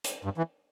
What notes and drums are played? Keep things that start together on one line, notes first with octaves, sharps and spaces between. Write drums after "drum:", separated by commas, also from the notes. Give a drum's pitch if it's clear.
drum: hi-hat
G2
E3